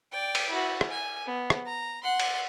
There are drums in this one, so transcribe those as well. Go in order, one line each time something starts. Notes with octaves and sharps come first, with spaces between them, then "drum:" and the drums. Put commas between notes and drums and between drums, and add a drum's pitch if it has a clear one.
D5 G5
drum: cymbal
E4 F#4
drum: rim click
G#5
B3
drum: rim click
A#5
F#5 C6
drum: cymbal